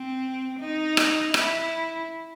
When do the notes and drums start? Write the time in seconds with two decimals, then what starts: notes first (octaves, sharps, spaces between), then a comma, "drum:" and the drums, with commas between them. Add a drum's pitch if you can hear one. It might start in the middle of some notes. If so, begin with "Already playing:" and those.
Already playing: C4
0.60 D#4
0.97 drum: rim click
1.34 E4, drum: rim click